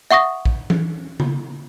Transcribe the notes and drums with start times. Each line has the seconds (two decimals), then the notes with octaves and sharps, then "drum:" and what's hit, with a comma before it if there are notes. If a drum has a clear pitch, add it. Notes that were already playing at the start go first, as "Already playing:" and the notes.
0.11 E5 F#5 C#6 D#6 A#6
0.45 drum: kick
0.70 drum: tom E3
1.20 drum: tom C#3